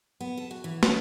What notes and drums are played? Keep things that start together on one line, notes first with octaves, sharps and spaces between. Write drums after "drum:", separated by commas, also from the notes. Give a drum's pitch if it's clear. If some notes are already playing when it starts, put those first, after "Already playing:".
B3
A4
F#4
E3
C#4, drum: snare